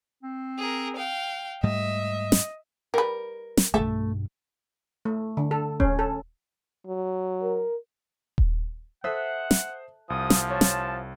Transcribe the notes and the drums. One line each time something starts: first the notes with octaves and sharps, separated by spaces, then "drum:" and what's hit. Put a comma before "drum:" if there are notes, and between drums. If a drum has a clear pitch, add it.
C4
G#4 A#4
F5 G5
G#2 G3 A3 D#5 E5
drum: snare
G3 A#4 B4
drum: snare
B1 G2 A3 A4 E5
A3
D3
A4
C#4, drum: kick D#1
A4
F#3
A#4
drum: kick D#1
A4 C5 E5 F#5 D#6 F#6
drum: snare
C2 F3 D#6
drum: snare
C#5 A5
drum: snare